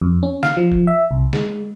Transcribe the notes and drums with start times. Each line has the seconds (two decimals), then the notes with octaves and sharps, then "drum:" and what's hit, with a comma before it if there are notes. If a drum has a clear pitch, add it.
0.01 F2
0.23 C#4
0.43 F5, drum: snare
0.57 F3
0.72 drum: kick F#1
0.87 E5
1.11 C2
1.33 G#3, drum: snare